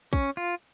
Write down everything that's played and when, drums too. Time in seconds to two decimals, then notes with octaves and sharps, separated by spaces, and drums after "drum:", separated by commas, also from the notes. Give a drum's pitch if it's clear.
0.13 C#4, drum: kick
0.37 F4